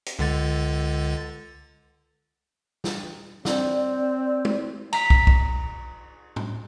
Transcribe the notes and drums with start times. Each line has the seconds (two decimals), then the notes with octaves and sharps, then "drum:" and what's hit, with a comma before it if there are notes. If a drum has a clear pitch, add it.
0.06 drum: hi-hat
0.19 C#2 D3 A6
2.84 drum: snare
3.45 C4 D5, drum: snare
4.45 drum: tom
4.93 A#5 B6, drum: cymbal
5.10 drum: kick
5.27 drum: kick
6.36 drum: tom A2